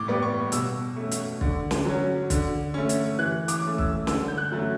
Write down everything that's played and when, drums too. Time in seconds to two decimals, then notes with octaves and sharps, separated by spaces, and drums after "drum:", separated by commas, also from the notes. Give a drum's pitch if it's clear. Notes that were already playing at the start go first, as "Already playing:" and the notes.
Already playing: A2 D6
0.08 G3 B3
0.22 C#6
0.52 B2 E6, drum: hi-hat
0.96 A3 C#4
1.11 drum: hi-hat
1.41 D3, drum: kick
1.71 drum: snare
1.85 F#3 C#4
2.30 D3, drum: kick, hi-hat
2.74 A3 C#4
2.89 drum: hi-hat
3.19 E3 F#6
3.48 D6, drum: hi-hat
3.63 A3 C#4
3.78 E6, drum: kick
4.07 D3 E6, drum: snare
4.28 G6
4.38 F#6
4.52 F#3 A3 C#4